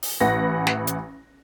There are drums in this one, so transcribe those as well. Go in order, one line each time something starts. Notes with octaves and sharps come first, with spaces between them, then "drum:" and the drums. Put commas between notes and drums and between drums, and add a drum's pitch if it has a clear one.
drum: open hi-hat
A1 E3 B4 F#5 A#6
drum: snare
drum: hi-hat